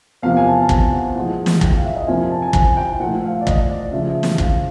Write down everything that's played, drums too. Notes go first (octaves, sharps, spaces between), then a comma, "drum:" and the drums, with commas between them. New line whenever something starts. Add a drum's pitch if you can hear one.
E2 C3 F3 A#3 F5
G#5
A5
A5
G#5, drum: kick
F#5
A#2 F3 G#3 F#5
drum: snare
G5, drum: kick
F5
E5
D#5
F2 C3 F3 A#3 G#5
G#5
A5
G#5
G#5, drum: kick
G5
A#2 F3 A3 F#5
F5
D5
D#5, drum: kick
D5
C#3 F3 G#3 E5
drum: snare
F5, drum: kick